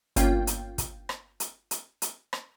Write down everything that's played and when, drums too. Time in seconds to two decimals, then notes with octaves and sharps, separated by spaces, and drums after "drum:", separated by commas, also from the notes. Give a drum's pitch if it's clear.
0.16 G1 A#3 C#4 F4 G5, drum: hi-hat
0.47 drum: hi-hat
0.78 drum: kick, hi-hat
1.09 drum: rim click
1.40 drum: hi-hat
1.71 drum: hi-hat
2.02 drum: hi-hat
2.33 drum: rim click